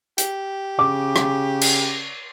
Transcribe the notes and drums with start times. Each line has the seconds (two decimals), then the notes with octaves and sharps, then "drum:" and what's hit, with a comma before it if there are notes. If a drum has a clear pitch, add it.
0.18 G4, drum: hi-hat
0.79 C#3 D6
1.16 drum: rim click
1.61 drum: cymbal